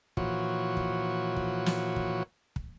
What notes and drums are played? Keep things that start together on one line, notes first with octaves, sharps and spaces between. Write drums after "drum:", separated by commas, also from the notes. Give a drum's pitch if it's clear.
A#2 E3 F3 F#4 C#5, drum: kick
drum: kick
drum: kick
drum: snare
drum: kick
drum: kick